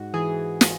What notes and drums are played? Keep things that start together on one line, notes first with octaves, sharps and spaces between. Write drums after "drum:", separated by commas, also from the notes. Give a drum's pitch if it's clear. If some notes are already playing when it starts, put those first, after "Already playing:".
Already playing: G#2 F#4
E3 G#4
drum: snare